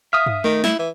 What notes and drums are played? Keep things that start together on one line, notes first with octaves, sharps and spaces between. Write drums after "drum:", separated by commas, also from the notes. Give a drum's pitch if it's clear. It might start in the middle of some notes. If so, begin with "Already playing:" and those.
E5 F5 D#6
drum: tom G2
D#3 A3
E4, drum: snare
E3